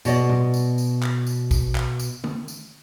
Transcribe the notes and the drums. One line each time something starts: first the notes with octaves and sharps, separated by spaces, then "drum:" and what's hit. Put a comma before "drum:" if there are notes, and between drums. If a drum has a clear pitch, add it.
B2 F#4 D5 D#5, drum: tambourine
drum: tom A2
drum: tambourine
drum: tambourine
drum: clap
drum: tambourine
drum: kick, tambourine
drum: clap
drum: tambourine
drum: tom D3
drum: tambourine